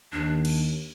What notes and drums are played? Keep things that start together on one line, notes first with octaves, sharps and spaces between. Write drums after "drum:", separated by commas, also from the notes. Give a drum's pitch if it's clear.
D#2 D4
drum: cymbal